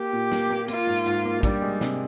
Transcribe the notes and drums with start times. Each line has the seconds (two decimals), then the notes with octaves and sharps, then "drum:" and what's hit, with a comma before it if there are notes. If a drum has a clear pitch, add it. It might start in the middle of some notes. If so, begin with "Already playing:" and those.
Already playing: A#3 G4
0.13 A#2
0.32 A#3, drum: snare
0.50 A#3
0.68 A#3 F4, drum: hi-hat
0.87 G#2
1.06 G#2, drum: hi-hat
1.25 A#3
1.43 G3 D4, drum: kick, hi-hat
1.62 G#3
1.81 C3, drum: snare